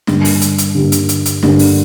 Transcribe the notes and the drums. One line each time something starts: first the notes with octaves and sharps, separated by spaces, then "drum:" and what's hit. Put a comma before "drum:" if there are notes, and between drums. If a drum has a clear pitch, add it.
G2 D3 G3 A#3, drum: snare
drum: open hi-hat
drum: hi-hat
drum: hi-hat
G2 D3 G3 A#3
drum: hi-hat
drum: hi-hat
drum: hi-hat
G2 D3 G3 A#3, drum: snare
drum: open hi-hat